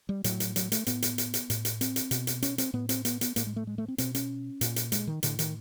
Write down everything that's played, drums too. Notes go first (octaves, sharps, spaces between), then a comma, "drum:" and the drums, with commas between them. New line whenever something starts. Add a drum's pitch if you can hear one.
G3
A2 F#3, drum: hi-hat
drum: hi-hat
F#3, drum: hi-hat
A3, drum: hi-hat
A2 B3, drum: hi-hat
drum: hi-hat
drum: hi-hat
drum: hi-hat
A2, drum: hi-hat
drum: hi-hat
C4, drum: hi-hat
drum: hi-hat
B2, drum: hi-hat
drum: hi-hat
C#4, drum: hi-hat
C4, drum: hi-hat
A2 B3
C4, drum: hi-hat
B3, drum: hi-hat
B3, drum: hi-hat
A2 A#3, drum: hi-hat
G#3
A3
G#3
A3
C4
B2 C4, drum: hi-hat
C#4, drum: hi-hat
A#2, drum: hi-hat
drum: hi-hat
G#3, drum: hi-hat
D#3
A2 D3, drum: hi-hat
D#3, drum: hi-hat